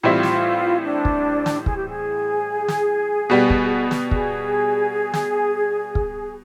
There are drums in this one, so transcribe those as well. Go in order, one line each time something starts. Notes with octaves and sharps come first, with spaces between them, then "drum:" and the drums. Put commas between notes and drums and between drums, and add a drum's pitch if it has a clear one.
A2 E3 G3 C4 E4 F4
drum: snare
D4
drum: kick
drum: snare
G#4, drum: kick
G4
G#4
drum: snare
B2 G3 B3
drum: kick
drum: snare
G#4, drum: kick
drum: snare
drum: kick